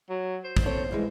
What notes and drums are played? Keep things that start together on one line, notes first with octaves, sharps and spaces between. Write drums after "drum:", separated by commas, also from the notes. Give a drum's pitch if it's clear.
F#3
C5
drum: kick
C4 A4 C#5
G2 E3 G#3